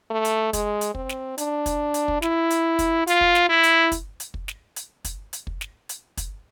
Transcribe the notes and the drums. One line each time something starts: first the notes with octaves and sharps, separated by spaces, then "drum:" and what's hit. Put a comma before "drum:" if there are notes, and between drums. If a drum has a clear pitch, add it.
A3
drum: hi-hat
G#3, drum: kick, hi-hat
drum: hi-hat
C4, drum: kick
drum: snare
D4, drum: hi-hat
drum: kick, hi-hat
drum: hi-hat
drum: kick
E4, drum: snare
drum: hi-hat
drum: kick, hi-hat
F4, drum: hi-hat
drum: kick
drum: snare
E4
drum: hi-hat
drum: kick, hi-hat
drum: hi-hat
drum: kick
drum: snare
drum: hi-hat
drum: kick, hi-hat
drum: hi-hat
drum: kick
drum: snare
drum: hi-hat
drum: kick, hi-hat